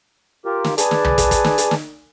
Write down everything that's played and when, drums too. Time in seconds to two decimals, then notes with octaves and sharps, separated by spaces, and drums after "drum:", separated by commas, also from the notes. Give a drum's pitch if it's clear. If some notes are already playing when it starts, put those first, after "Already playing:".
0.45 F4 G4 A#4
0.64 drum: snare
0.78 G#4 B4 D5 G#5 A5, drum: hi-hat
0.91 drum: snare
1.04 drum: tom C2
1.18 drum: kick, hi-hat
1.31 drum: kick, hi-hat
1.44 drum: snare
1.58 drum: hi-hat
1.71 drum: snare